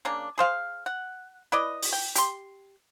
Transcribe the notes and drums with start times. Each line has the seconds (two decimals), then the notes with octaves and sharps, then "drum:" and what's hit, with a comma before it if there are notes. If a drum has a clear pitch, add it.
0.05 C#3 A#3 D4
0.38 G#4 C5 F5
0.86 F#5
1.52 E4 B4 D5 D#5
1.82 drum: open hi-hat
1.93 G5
2.15 G4 C6, drum: hi-hat